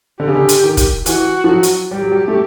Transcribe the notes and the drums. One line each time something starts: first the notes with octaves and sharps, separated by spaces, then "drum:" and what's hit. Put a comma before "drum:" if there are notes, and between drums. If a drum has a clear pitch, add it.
D3 G4
C#3
D3
drum: hi-hat
D#3
drum: kick, hi-hat
E3 F#4, drum: hi-hat
F3
F#3
drum: hi-hat
G3 G4
F#3
G3
A3